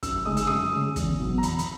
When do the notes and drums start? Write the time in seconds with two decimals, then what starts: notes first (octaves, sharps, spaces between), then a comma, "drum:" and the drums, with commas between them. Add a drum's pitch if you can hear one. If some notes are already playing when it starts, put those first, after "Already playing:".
0.03 F#2 E6, drum: kick, hi-hat
0.25 C#3 G#3 D#4 D#6
0.37 E6, drum: hi-hat
0.47 F#2 D#6, drum: rim click
0.73 C#3 G#3 D#4
0.96 E2, drum: kick, hi-hat
1.20 B2 F#3 B3
1.38 A#5
1.43 E2 B5, drum: hi-hat
1.59 B5, drum: hi-hat